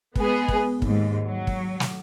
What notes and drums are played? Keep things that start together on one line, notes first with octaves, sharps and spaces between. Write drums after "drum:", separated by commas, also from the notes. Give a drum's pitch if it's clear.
G#3 B3 G#4, drum: kick
drum: kick
D#2 G#2, drum: kick
F#3
drum: kick
drum: snare